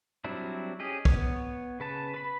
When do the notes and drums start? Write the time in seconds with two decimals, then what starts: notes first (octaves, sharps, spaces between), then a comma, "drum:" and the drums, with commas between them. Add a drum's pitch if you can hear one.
0.24 F#3 G3 C4 D4 E4
0.80 C#4 G4 G#4 D#5
1.05 B3 C#5, drum: kick
1.80 C#3 B4 A5
2.14 B4 B5